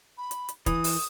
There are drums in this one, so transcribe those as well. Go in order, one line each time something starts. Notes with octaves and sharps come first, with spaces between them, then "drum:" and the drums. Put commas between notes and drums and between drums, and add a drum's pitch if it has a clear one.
B5
drum: hi-hat
drum: hi-hat
E3 D#6, drum: kick, hi-hat
drum: open hi-hat